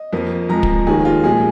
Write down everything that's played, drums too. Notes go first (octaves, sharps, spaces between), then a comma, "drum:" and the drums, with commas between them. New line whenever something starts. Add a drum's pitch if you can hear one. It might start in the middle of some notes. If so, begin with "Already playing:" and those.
Already playing: D#5
F2 F3 A#3
F2 F3 G#3 A#5
drum: kick
D#2 D#3 A#3 G#4
F4
A#2 F3 G#3 G#4